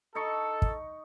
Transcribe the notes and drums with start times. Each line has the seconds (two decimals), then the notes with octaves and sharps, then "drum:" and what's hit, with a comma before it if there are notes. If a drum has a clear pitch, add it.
0.15 D#4 A4 C#6
0.62 drum: kick